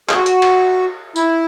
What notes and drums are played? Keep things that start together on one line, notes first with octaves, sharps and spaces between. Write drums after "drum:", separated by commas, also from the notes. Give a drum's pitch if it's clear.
G#4, drum: clap
F#4
drum: hi-hat
drum: cymbal
E4, drum: tambourine